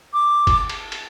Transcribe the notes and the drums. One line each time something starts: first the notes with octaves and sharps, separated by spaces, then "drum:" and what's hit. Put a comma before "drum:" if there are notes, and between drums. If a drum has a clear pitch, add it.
D6
drum: kick G1, cymbal
drum: cymbal
drum: cymbal